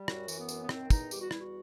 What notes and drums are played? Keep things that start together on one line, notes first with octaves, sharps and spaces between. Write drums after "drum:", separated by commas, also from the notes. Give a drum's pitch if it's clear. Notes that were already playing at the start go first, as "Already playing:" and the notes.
Already playing: G3
F#2 F#4, drum: rim click
E3, drum: tambourine
B3
F#2, drum: tambourine
B3
D#3 C4, drum: rim click
E2 D#4, drum: kick, tambourine
G3 G4, drum: tambourine
F#4
E2 E4, drum: rim click
F#4